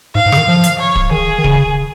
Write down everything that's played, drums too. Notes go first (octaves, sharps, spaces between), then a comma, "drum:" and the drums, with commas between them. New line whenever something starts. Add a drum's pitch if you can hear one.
G#2 F5
G#2
C#3, drum: rim click
D#3
F3
drum: hi-hat
C#5
drum: kick
D#3 G#4
D#3
C#3, drum: kick